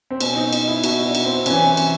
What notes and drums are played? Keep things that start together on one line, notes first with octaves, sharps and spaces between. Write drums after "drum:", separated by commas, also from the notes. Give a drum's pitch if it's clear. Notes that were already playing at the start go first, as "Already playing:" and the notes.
C4
B2 C#4, drum: cymbal
D#4
D#4, drum: cymbal
E4
B2 F#4, drum: cymbal
D4
drum: cymbal
C4
C3 E3 C#4, drum: cymbal
drum: cymbal